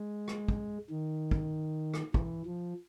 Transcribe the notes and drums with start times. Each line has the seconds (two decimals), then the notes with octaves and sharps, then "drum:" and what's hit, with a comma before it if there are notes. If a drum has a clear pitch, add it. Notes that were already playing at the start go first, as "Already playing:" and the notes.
Already playing: G#3
0.28 drum: rim click
0.48 drum: kick
0.90 D#3
1.31 drum: kick
1.94 drum: rim click
2.14 E3, drum: kick
2.45 F3